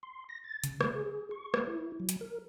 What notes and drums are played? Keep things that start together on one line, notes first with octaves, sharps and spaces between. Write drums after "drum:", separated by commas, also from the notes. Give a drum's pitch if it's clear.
C6
A#6
A6
C#3, drum: hi-hat
drum: rim click
G#4
C#6
drum: rim click
E4
F#3
drum: hi-hat
A#4